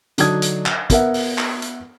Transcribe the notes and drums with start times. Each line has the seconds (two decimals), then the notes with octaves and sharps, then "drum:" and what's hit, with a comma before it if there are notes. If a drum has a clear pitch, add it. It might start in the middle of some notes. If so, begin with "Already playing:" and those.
0.18 D3 F#3 D4 D#4 D#6 G#6, drum: hi-hat
0.42 drum: hi-hat
0.66 drum: clap
0.90 B3 A#4 E5 F#5, drum: kick, hi-hat
1.14 drum: open hi-hat
1.38 drum: clap
1.62 drum: hi-hat